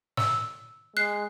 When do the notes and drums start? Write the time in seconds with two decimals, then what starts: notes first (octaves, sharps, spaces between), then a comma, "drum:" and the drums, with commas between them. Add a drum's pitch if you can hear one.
0.17 E6, drum: snare
0.97 G#3 F#6 C7